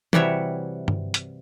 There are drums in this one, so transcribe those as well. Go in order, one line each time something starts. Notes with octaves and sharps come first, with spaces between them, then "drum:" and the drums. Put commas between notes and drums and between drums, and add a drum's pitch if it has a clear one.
C3 E3 G3 F#4 C#5 E5, drum: tom E3
drum: tom G2
drum: hi-hat